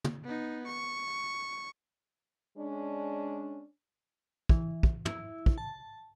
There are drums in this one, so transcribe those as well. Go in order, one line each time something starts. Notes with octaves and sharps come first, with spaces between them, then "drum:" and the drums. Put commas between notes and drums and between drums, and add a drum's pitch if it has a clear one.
drum: tom
B3 D#4
C#6
G#3 C#4 D4
E3, drum: kick
drum: kick
E4, drum: tom
drum: kick
A5